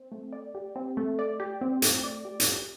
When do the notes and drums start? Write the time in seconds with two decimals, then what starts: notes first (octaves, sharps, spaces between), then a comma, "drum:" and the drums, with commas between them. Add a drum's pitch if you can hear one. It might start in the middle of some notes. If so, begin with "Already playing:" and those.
Already playing: C4
0.12 A3
0.33 D5
0.55 G4
0.76 C4
0.97 A3
1.19 D5
1.40 G4
1.61 C4
1.82 A3, drum: hi-hat
2.04 D5
2.25 G4
2.40 drum: hi-hat